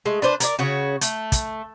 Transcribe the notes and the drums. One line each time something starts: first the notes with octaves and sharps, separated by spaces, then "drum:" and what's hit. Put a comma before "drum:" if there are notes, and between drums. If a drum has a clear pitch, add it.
G#3 A3
D4 B4 C5 D5
A#4 C#5 D5, drum: hi-hat
C#3 F#4 C#5
A3, drum: hi-hat
drum: kick, hi-hat